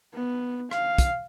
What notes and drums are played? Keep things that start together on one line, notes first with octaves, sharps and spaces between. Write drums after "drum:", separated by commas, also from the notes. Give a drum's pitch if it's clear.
B3
F5, drum: rim click
drum: kick, hi-hat